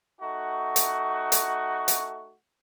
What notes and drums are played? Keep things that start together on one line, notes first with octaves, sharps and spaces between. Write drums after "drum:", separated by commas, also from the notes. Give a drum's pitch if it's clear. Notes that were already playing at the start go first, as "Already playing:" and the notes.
A3 D#4 F#4
drum: hi-hat
drum: hi-hat
drum: hi-hat